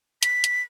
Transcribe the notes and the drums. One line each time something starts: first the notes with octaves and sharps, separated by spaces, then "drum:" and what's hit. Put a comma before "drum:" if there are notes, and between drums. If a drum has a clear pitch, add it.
B6, drum: hi-hat
drum: hi-hat